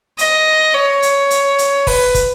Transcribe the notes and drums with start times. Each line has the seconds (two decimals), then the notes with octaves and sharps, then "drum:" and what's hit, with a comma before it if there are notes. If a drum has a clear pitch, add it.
0.19 D#5, drum: hi-hat
0.74 C#5
1.02 drum: hi-hat
1.30 drum: hi-hat
1.58 drum: hi-hat
1.87 B4, drum: kick, open hi-hat
2.15 drum: kick, hi-hat